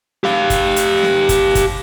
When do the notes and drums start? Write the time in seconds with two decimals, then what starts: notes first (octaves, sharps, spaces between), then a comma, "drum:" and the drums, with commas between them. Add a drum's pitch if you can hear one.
0.24 G4 F5, drum: snare
0.50 drum: kick, hi-hat
0.76 drum: hi-hat
1.03 drum: snare
1.29 drum: kick, hi-hat
1.55 drum: kick, hi-hat